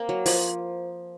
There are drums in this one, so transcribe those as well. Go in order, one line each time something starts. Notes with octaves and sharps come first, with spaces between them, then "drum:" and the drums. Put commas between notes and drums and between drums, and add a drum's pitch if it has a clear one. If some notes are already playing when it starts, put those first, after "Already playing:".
Already playing: A#3 C4
F#3
F3, drum: open hi-hat